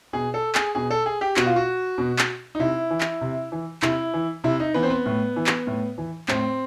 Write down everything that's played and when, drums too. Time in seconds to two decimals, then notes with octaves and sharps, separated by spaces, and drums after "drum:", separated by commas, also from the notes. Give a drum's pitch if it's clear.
0.13 B2 G#4
0.34 A4
0.55 G#4, drum: clap
0.75 B2 G#4
0.90 A4
1.06 G#4
1.21 G4
1.37 B2 F#4, drum: clap
1.46 F4
1.56 F#4
1.98 B2
2.19 drum: clap
2.55 D#4
2.59 C3 E4
2.90 E3
3.01 drum: clap
3.21 C3
3.52 E3
3.82 C3 E4, drum: clap
4.14 E3
4.44 C3 E4
4.60 D#4
4.74 E3 B3
4.83 C4
4.90 B3
5.06 A2
5.36 E3
5.47 drum: clap
5.67 A2
5.98 E3
6.28 A2 C4, drum: clap